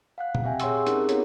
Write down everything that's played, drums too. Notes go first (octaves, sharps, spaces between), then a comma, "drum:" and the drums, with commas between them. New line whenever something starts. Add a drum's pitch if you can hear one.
F5 F#5 F#6
drum: tom A#2
C4 G4 E5 G5 G#5
G#4 C#5 F#5 C6 C#6 E6, drum: hi-hat
C4 C#4 D#4 G4 G#4 A#4, drum: hi-hat
B3 D#4 F4 A4 A#4 C#5, drum: hi-hat